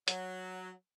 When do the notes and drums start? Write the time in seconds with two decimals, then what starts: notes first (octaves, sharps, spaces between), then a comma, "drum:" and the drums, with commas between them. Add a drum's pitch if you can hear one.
0.08 F#3, drum: hi-hat